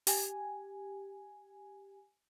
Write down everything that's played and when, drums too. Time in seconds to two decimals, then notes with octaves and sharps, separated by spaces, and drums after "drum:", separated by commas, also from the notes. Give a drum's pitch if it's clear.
0.07 G4 G#5, drum: open hi-hat